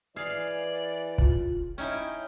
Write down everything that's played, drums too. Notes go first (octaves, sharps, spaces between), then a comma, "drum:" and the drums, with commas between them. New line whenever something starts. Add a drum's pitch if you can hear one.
E3 G#4 D5 F5
F4, drum: kick
C#4 D#4 E4 C#5 G5